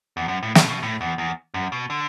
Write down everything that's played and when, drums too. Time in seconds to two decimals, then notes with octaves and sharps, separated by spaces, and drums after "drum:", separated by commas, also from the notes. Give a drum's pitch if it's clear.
0.17 E2
0.28 F#2
0.43 A2
0.55 B2, drum: snare
0.68 B2
0.83 A2
1.01 E2
1.18 E2
1.54 F#2
1.72 B2
1.90 D3